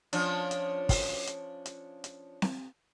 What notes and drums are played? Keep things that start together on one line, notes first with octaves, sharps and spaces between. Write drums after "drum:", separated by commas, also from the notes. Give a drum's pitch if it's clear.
F3 C#4 D4, drum: hi-hat
drum: hi-hat
drum: kick, open hi-hat
drum: hi-hat
drum: hi-hat
drum: hi-hat
drum: snare C4